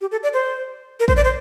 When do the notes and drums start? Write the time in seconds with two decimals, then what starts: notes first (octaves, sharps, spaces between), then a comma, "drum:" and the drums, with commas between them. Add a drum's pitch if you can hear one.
0.01 G4
0.12 A4
0.23 D5
0.34 C5
1.00 A#4
1.08 C5, drum: kick
1.16 D5
1.24 C5